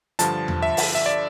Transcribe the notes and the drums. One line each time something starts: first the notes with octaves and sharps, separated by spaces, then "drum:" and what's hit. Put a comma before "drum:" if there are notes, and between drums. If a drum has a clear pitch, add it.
G2 D3 F3 A5, drum: hi-hat
drum: tom E2
E5
drum: open hi-hat
E5
D5